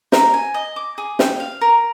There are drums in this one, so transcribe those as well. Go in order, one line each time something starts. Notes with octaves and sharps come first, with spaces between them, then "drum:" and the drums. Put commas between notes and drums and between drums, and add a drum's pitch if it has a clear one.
A#4, drum: snare
G#5
D#5
D6
G#4
G5, drum: snare
F5
A#4